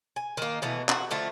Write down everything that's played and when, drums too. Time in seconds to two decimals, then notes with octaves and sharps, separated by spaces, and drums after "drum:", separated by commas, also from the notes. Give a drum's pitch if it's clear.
0.16 G#5
0.37 D#3 A#3
0.62 B2 E3 A3
0.89 F#4, drum: clap
1.11 D3 F3 A3